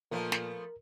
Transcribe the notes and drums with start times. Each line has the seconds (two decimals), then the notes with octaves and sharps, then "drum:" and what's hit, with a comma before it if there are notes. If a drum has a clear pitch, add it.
0.11 A#2 F3 A3 B3 A#4
0.32 drum: snare